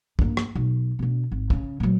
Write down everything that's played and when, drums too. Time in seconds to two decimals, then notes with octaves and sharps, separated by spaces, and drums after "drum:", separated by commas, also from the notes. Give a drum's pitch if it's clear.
0.19 G2 A#3, drum: kick
0.37 drum: rim click
0.55 B1
0.99 B2 D3
1.31 G#1
1.50 C#3, drum: kick
1.80 A#2 F#3